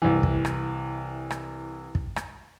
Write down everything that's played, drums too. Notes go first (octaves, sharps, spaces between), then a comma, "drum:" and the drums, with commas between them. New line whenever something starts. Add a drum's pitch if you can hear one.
C2 E3
drum: kick
drum: rim click
drum: rim click
drum: kick
drum: rim click